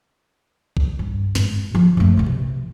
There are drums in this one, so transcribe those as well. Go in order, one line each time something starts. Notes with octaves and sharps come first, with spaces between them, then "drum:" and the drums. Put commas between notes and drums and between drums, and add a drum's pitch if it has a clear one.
drum: kick B1
G2
G#2, drum: snare
F3
F#2 A3
C3 E3
drum: tom A#2